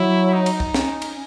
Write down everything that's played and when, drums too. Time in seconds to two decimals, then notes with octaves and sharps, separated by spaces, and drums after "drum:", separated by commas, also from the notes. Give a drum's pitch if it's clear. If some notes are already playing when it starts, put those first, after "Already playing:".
Already playing: F#3 E4
0.33 D#4
0.46 drum: cymbal
0.60 drum: kick
0.74 C#4, drum: snare
1.02 drum: cymbal